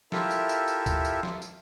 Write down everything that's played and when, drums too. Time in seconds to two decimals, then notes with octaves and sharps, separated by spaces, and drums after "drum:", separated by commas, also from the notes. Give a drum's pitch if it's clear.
0.12 E4 F4 G4 A4 A#4 E5, drum: snare
0.31 drum: tambourine
0.49 drum: tambourine
0.68 drum: tambourine
0.86 drum: kick D2, tambourine
1.05 drum: tambourine
1.23 drum: snare
1.42 drum: tambourine